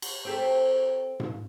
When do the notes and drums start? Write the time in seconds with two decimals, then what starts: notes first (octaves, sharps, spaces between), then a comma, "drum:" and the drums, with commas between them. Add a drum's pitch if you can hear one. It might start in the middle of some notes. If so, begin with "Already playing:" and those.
0.02 drum: cymbal
0.25 C4 G4 A4
1.20 drum: tom G#2